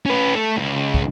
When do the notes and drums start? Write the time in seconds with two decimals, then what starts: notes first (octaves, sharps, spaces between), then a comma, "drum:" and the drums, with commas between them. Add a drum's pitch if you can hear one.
0.05 C#4 B4
0.34 A3
0.57 C#2
0.94 drum: kick